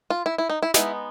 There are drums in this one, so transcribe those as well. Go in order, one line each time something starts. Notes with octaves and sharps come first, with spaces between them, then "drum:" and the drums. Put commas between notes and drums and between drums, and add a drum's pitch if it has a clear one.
F4
E4
E4
D#4
E4
G#3 B3 D#4 E4, drum: snare